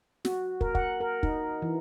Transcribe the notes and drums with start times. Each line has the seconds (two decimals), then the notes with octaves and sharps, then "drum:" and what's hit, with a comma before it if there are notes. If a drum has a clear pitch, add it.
0.25 F#4, drum: snare
0.61 A#4, drum: kick
0.75 F#5, drum: kick
1.01 A#4
1.23 D#4, drum: kick
1.62 E3